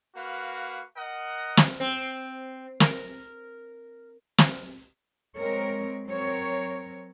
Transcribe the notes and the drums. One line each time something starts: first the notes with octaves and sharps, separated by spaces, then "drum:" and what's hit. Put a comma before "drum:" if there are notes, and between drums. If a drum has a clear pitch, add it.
A#3 F#4 B4 F5
A#4 D#5 F#5
drum: snare
C4
A#4, drum: snare
drum: snare
G#3 C4 A#4 C#5
F#3 C4 A#4 C#5